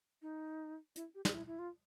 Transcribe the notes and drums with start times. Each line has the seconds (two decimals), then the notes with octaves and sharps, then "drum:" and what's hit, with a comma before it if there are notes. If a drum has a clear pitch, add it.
0.22 D#4
0.96 E4, drum: hi-hat
1.15 G4
1.25 G#4, drum: snare
1.34 E4
1.47 E4
1.59 F4